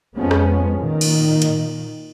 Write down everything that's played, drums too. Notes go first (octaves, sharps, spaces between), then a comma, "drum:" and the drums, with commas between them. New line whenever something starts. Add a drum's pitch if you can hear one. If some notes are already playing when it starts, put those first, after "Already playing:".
F2 F3 G#3 B3 C#4
drum: rim click
A#2 D#3
drum: cymbal
drum: hi-hat